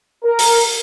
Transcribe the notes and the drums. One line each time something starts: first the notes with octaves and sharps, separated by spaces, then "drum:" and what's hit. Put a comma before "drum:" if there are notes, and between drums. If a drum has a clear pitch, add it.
A#4
drum: open hi-hat